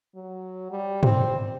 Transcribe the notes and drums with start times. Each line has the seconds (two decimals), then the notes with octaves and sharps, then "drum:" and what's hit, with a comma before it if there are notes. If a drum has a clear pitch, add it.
0.15 F#3
0.71 G3
1.03 C4, drum: tom